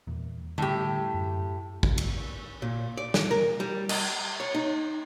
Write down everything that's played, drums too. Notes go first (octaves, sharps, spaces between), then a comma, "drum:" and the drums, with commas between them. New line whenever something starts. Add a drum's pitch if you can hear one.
E2 A#2
A2 D3 G3 G4
F#2
drum: kick
drum: cymbal
A#2
D5
drum: snare
A#4
G3
D#5, drum: cymbal
C#5
D#4